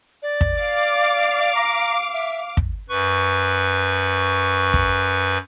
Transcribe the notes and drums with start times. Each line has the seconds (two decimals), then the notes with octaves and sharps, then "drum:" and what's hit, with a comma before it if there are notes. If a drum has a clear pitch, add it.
0.23 D5
0.41 drum: kick
0.59 F5 D6
1.55 A#5
2.14 E5
2.57 drum: kick
2.89 F#2 B4 C#6
4.74 drum: kick